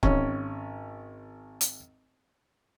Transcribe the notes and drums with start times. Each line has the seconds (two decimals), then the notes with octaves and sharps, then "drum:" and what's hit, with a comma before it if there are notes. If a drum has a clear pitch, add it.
0.03 G#1 C#4, drum: kick C#1
1.61 drum: hi-hat